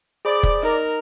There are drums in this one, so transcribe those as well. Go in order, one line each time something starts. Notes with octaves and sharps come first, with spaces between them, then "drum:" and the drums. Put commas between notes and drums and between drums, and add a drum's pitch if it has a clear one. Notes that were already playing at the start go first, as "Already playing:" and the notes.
G#4 C5 D5 B5
drum: kick
D#4 A#4 D#5